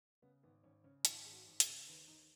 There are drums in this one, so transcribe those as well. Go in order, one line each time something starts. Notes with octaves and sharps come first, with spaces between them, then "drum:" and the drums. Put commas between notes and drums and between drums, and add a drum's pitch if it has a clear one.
C#3 B3
G#1 B3
G#1 C#4
C#3 C#4
G#1 F4, drum: hi-hat
G#1 G#4
F#4
G#1
G#4, drum: hi-hat
C#3
D#2 B4
D#2 D#4